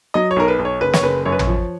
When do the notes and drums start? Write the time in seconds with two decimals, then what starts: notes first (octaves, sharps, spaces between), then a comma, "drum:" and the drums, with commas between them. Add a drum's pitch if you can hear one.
0.14 F#3 D#5
0.31 C#5
0.36 B1 A#4
0.48 B4
0.59 B1
0.65 C#5
0.81 F#1 B4
0.93 C#5, drum: snare
1.03 F#1 B4
1.26 F#2 C#5
1.32 B4
1.39 C#5, drum: tom
1.47 F3